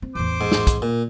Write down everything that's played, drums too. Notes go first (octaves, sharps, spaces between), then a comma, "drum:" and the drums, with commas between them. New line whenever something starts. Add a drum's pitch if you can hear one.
C4
A1 E2 C5 D6
G#2
drum: snare
drum: kick, hi-hat
A#2